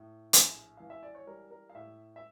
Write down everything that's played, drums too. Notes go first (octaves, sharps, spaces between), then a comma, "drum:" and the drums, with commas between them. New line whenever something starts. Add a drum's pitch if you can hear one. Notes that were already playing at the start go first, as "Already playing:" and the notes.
Already playing: A2
A#1, drum: hi-hat
E3 F5
E5
D5
C#5
G3 A#4
A#4
F5
A2 E5
E5